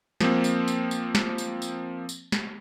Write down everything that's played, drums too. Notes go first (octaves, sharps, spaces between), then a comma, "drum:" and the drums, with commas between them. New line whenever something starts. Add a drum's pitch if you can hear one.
F3 A#3 C4, drum: snare
drum: tambourine
drum: tambourine
drum: tambourine
drum: snare
drum: tambourine
drum: tambourine
drum: tambourine
drum: snare